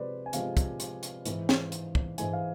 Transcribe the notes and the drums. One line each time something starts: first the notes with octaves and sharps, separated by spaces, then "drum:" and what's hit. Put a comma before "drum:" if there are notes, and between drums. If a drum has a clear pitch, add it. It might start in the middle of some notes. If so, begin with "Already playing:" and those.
Already playing: C3 F3 G#3 B4 C5 D5
G#5
C3 F3 G#3 F5, drum: hi-hat
drum: kick, hi-hat
drum: hi-hat
drum: hi-hat
G#2 E3 G#3, drum: hi-hat
drum: snare
drum: hi-hat
drum: kick
G#2 E3 G#3 G#5, drum: hi-hat
F5